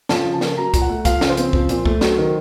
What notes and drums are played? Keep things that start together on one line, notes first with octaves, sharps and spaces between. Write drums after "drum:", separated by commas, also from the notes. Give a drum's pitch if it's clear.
F3 A5, drum: snare
C#3
A5
A#3, drum: snare
F#3 A#5
A#2, drum: kick C2, hi-hat
F#5
A3
F3 F5, drum: kick C2, hi-hat
C#3, drum: snare
C5
C4, drum: hi-hat
F3, drum: kick C2
A#2, drum: hi-hat
A3, drum: kick C2
F#3, drum: snare
D#3